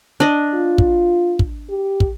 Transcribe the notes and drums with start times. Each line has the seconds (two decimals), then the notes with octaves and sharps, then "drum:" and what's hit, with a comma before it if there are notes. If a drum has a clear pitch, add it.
0.20 D4 D#5
0.54 F4
0.78 drum: kick
1.39 drum: kick
1.70 G4
2.00 drum: kick